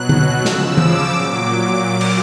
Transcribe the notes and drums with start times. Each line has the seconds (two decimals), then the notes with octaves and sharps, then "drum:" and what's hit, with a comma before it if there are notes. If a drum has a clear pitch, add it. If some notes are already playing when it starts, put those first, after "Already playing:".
Already playing: B2 F#3 F#6
0.09 drum: tom D3
0.45 C#3 F3 E6, drum: snare
0.78 D6, drum: tom E3
1.11 A#2 F#3 D6
2.01 drum: cymbal